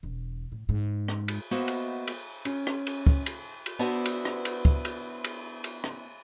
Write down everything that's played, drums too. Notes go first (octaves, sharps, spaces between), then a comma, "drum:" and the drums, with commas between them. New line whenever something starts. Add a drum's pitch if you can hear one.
E1
A2
G#2
drum: rim click
drum: cymbal
A#3 B3 F#4 C5 D#5 E5
drum: cymbal
drum: cymbal
C#4, drum: cymbal
drum: rim click
drum: cymbal
drum: kick
drum: cymbal
drum: cymbal
B3 D4 E4 F#4 C5
drum: cymbal
drum: rim click
drum: cymbal
drum: kick
drum: cymbal
drum: cymbal
drum: cymbal
drum: rim click